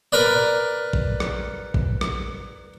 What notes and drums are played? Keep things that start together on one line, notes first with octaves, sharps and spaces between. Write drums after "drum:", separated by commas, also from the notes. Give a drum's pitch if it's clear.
A#4 B4 D5
drum: kick
drum: rim click
drum: kick
drum: rim click